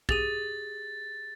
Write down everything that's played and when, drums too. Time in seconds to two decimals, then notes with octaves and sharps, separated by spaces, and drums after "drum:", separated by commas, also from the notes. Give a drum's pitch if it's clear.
0.09 G4 G#4 A6 D#7, drum: kick